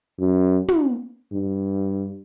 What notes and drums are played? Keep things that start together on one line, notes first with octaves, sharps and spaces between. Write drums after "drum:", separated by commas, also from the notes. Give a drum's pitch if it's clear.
F#2
drum: tom
G2